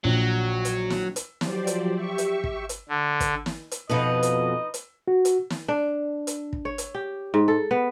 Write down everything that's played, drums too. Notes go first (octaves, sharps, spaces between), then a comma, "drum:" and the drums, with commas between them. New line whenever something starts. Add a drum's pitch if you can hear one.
A#1 F#3
drum: hi-hat
drum: snare
drum: hi-hat
F3 F#3 G4 C5 D5, drum: snare
drum: hi-hat
G4 E5 C#6
drum: hi-hat
drum: kick
drum: hi-hat
D3
drum: kick, hi-hat
drum: snare
drum: hi-hat
F2 B2 D#4 B4 D#5
drum: hi-hat
drum: hi-hat
F#4
drum: hi-hat
drum: snare
D4
drum: hi-hat
drum: kick
C#5
drum: hi-hat
G4
G#2
A4
B3